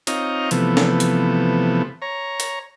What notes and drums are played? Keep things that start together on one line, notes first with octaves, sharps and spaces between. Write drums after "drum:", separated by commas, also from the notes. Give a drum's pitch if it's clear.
C4 D#4 F4 C#5 D#5 A#5, drum: hi-hat
C3 E3 F3 A3 B3, drum: hi-hat
drum: snare
drum: hi-hat
C#5 A#5
drum: hi-hat